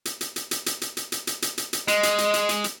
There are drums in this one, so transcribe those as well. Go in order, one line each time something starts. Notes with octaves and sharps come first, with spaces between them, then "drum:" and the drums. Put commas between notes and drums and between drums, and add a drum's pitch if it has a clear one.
drum: hi-hat
drum: hi-hat
drum: hi-hat
drum: hi-hat
drum: hi-hat
drum: hi-hat
drum: hi-hat
drum: hi-hat
drum: hi-hat
drum: hi-hat
drum: hi-hat
drum: hi-hat
G#3 D#5, drum: hi-hat
drum: hi-hat
drum: hi-hat
drum: hi-hat
drum: hi-hat
drum: hi-hat